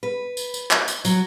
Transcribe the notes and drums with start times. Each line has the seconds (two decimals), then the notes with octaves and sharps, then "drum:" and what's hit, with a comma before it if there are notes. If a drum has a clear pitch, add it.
0.03 B4
0.37 drum: tambourine
0.54 drum: tambourine
0.71 drum: clap
0.88 drum: tambourine
1.05 F#3, drum: tambourine